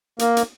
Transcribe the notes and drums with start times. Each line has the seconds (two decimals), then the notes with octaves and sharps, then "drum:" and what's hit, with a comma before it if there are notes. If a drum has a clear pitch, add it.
0.19 A#3, drum: hi-hat
0.37 drum: hi-hat